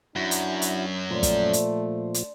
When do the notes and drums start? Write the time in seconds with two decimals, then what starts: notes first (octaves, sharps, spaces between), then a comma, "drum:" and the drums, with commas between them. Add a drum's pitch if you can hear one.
0.16 F#2 D4 E4 F#4
0.31 drum: hi-hat
0.62 drum: hi-hat
1.11 A#2 F3 A3 D4 C5 D5
1.23 drum: kick, hi-hat
1.53 drum: hi-hat
2.14 drum: hi-hat